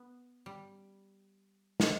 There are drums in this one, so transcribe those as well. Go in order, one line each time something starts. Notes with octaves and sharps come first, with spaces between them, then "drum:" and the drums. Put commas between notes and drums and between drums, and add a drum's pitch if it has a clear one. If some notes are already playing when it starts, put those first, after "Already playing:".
Already playing: B3
G3
F3, drum: snare